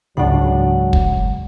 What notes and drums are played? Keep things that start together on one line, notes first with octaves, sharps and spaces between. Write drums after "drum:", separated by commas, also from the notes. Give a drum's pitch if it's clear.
C#2 G#2 C#3 F#3 G#3 D4 F#5
drum: kick